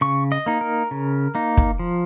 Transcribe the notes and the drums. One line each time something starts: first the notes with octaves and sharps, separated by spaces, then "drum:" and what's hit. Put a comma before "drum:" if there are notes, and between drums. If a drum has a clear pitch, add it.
C#3 C#6
D#5
A#3 D#4
A#4
C#3
A#3 D#4
drum: kick
F3